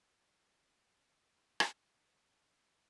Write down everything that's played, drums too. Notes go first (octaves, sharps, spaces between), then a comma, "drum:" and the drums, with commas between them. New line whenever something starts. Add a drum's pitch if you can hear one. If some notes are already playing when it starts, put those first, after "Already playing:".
A4 A#4 G#5 C#6 D#6 F6
drum: rim click